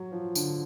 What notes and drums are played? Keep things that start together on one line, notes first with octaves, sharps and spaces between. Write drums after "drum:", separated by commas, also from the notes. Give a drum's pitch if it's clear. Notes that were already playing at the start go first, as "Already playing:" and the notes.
Already playing: F#3
F3
D3, drum: tambourine